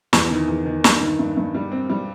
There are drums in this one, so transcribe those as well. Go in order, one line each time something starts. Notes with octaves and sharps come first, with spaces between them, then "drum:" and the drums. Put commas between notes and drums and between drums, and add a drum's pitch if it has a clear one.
E2, drum: snare
D#3
E2
D#3
G2, drum: snare
D#3
G2
G2
G3
C4
G3